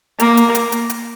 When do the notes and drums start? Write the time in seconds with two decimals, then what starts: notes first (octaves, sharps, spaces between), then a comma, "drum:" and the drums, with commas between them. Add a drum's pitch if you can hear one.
0.20 A#3, drum: hi-hat
0.37 drum: hi-hat
0.55 drum: hi-hat
0.72 drum: hi-hat
0.90 drum: hi-hat